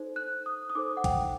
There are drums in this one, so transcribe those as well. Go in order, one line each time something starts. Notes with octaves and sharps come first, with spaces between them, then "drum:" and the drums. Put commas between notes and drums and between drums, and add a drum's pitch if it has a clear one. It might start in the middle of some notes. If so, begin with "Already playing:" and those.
Already playing: D#4 A4 C5
F#6
D#6
D#6
D#4 A4 C5 D6
F#5
G5, drum: kick, hi-hat